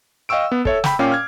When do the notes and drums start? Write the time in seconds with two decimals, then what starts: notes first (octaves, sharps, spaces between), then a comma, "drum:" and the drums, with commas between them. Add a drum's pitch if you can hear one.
0.29 D#5 F5 G5 C#6 E6 D7
0.52 B3
0.65 A4 C#5 E5, drum: kick
0.84 G5 B5, drum: snare
0.99 A#2 C#4 F5 G5 D6 C7
1.12 F6 G#6